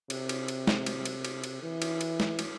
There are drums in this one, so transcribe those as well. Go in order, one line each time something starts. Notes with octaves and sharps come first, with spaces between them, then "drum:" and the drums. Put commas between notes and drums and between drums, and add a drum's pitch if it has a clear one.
C3, drum: cymbal
drum: cymbal
drum: cymbal
drum: snare
drum: cymbal
drum: cymbal
drum: cymbal
drum: cymbal
E3
drum: cymbal
drum: cymbal
drum: snare
drum: cymbal